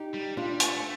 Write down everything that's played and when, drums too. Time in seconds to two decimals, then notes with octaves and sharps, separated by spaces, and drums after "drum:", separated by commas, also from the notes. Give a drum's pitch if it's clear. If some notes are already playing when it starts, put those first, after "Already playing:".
Already playing: D#4 G4
0.14 G3
0.37 G3 D4 F4
0.60 A3, drum: hi-hat